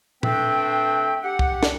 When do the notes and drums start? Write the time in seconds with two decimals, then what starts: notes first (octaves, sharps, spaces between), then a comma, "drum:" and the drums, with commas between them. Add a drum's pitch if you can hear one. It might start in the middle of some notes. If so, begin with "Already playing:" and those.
0.23 A3 C4 D4 B4 G5, drum: tom A#2
1.24 G4 F#5
1.39 drum: kick
1.63 drum: snare